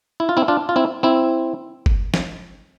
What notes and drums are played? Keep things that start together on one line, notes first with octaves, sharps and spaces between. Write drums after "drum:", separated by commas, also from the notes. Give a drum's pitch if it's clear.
E4
F4
C4 E4
D4 F4
F4
C4 E4
C4 E4
drum: kick G1
drum: snare